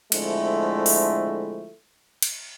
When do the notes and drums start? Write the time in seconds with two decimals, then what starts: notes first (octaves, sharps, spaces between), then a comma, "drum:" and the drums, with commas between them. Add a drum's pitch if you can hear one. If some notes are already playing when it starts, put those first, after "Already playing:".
0.12 D3 F3 G#3 A3 C4 E4, drum: cymbal
0.86 drum: open hi-hat
2.22 drum: cymbal